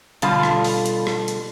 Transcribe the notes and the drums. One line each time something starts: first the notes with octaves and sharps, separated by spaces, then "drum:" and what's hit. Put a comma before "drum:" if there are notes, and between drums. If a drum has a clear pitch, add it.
B2 D3 G3 F4 F5 A5, drum: hi-hat
drum: rim click
drum: open hi-hat
drum: hi-hat
drum: rim click
drum: hi-hat